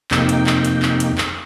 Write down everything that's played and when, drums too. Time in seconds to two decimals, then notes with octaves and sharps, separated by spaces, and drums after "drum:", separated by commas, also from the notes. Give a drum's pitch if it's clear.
0.11 F2 C3 A#3 D#4 G5, drum: clap
0.29 drum: hi-hat
0.47 drum: clap
0.65 drum: hi-hat
0.82 drum: clap
1.00 drum: hi-hat
1.18 drum: clap